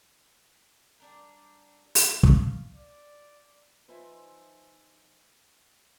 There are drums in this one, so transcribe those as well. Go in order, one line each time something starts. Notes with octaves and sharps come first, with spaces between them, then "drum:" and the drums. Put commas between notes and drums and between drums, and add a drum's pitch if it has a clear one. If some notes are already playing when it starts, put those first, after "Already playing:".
G3 D4 A#4
drum: open hi-hat
F5, drum: kick
D5
F3 D#4 B4 C5 E5 G#5